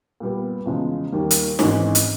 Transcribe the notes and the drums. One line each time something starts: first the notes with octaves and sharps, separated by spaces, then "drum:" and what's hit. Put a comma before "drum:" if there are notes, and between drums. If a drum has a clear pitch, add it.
A#2 G3 B3
E2 C#3 F3 G#3
D#2 D#3 G3 A#3
drum: hi-hat
G#1 G#2 E3 G#3 C#4, drum: snare
drum: hi-hat